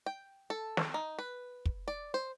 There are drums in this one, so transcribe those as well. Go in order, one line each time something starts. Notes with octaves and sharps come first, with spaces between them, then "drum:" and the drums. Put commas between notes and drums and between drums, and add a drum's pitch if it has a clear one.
G5
A4
drum: snare
D#4
B4
drum: kick
D5
C5